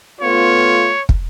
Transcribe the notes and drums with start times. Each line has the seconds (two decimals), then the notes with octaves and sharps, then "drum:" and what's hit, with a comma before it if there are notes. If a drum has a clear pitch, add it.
0.21 A3 B3 F4 C#5
1.09 drum: kick